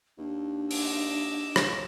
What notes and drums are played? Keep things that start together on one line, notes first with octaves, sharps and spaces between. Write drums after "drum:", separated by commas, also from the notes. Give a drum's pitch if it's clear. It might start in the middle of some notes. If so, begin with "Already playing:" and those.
D#2 D4
D#5 D6 E6, drum: open hi-hat
drum: rim click